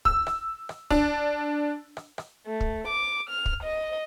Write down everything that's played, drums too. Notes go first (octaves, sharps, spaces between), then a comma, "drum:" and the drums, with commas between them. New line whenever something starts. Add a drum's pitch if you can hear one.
E6, drum: kick
drum: rim click
drum: rim click
D4, drum: kick
drum: rim click
drum: rim click
A3
drum: kick
D6
F6
drum: kick
D#5